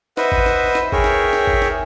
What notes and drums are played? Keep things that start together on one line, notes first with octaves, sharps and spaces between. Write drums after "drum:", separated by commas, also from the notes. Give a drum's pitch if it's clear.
B4 C5 D#5 E5 F#5, drum: snare
drum: kick G#1
drum: snare
drum: snare
G#4 A#4 C#5 E5 G5, drum: kick G#1
drum: snare
drum: snare
drum: kick G#1
drum: snare